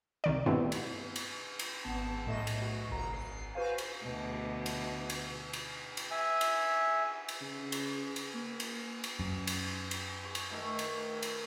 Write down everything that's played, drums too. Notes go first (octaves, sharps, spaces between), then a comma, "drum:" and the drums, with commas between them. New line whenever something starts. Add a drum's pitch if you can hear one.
C2 D#3 D5
G2 B2 A3 B3 C4 E4
drum: cymbal
drum: cymbal
drum: cymbal
G#1 B3 A5
B1 A2 A3 D#5 E7
drum: cymbal
F#4
G1 C2 A#5
G#1 C7
F#4 B4 C5 F5 G#5
drum: cymbal
D2 B2
drum: cymbal
drum: cymbal
drum: cymbal
drum: cymbal
E5 G#5
drum: cymbal
drum: cymbal
C#3
drum: cymbal
drum: cymbal
A#3
drum: cymbal
drum: cymbal
F#2
drum: cymbal
drum: cymbal
C#6
drum: cymbal
D#3 A3 C#6
drum: cymbal
drum: cymbal